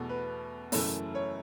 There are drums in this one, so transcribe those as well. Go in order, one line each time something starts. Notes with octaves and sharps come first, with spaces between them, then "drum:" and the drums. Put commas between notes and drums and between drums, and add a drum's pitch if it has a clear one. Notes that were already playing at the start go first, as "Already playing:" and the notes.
Already playing: E2 B2 A3
B4
F#1 F#2 E3 A3, drum: open hi-hat
C#5